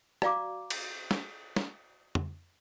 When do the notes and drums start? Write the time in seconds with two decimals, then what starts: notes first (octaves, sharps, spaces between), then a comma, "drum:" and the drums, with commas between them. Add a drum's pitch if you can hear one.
0.22 F#4 D5 F5 A#5 D6, drum: rim click
0.70 drum: cymbal
1.11 drum: snare
1.56 drum: snare
2.15 drum: tom